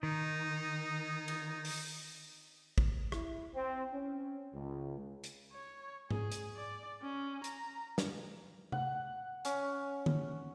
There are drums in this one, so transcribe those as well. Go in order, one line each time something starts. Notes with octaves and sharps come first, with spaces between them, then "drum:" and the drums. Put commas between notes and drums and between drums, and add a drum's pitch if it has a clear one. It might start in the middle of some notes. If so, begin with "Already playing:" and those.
D#3 D#4
drum: cymbal
drum: open hi-hat
drum: kick
E4, drum: rim click
C4
C#4
C#2
drum: hi-hat
C#5
G#4, drum: tom G#2
drum: hi-hat
D5
C#4
A#5, drum: hi-hat
drum: snare
F#5, drum: tom
C#4, drum: hi-hat
drum: tom D3